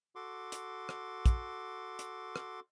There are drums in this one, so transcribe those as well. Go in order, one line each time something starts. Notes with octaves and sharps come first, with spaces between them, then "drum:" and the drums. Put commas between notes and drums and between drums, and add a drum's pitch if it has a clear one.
F#4 A4 C6 D6
drum: hi-hat
drum: rim click
drum: kick, hi-hat
drum: hi-hat
drum: rim click